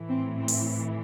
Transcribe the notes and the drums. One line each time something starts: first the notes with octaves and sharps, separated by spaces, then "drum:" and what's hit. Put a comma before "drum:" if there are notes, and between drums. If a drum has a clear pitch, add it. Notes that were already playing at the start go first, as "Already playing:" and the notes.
Already playing: A2 E3
C4
C4
drum: open hi-hat